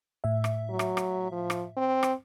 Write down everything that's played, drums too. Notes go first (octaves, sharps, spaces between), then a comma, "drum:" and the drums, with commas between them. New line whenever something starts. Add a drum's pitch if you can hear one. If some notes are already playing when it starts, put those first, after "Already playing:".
A2 E5
drum: rim click
F#3
drum: rim click
drum: rim click
F3
drum: rim click
C4
drum: rim click